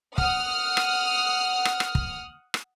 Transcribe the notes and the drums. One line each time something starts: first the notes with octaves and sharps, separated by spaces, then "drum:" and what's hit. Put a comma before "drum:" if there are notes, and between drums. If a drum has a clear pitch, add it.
F#5 D#6 F6, drum: kick
drum: rim click
drum: rim click
drum: rim click
drum: kick
drum: rim click